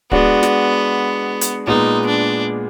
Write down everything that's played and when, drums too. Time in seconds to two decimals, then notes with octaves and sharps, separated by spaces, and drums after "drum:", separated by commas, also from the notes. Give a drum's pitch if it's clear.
0.11 G#3 B3 D4 F#4, drum: kick
0.43 drum: snare
1.41 drum: hi-hat
1.67 A#2 G#3 B3 D#4
2.07 D4